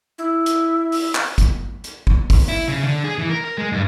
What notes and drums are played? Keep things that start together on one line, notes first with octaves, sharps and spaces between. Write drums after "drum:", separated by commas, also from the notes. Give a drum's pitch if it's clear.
E4
drum: hi-hat
drum: open hi-hat
drum: clap
drum: kick, hi-hat
drum: hi-hat
drum: kick
drum: kick, open hi-hat
E4
C#3
D3
G#4
E3
A#4
A#4
G#3
G2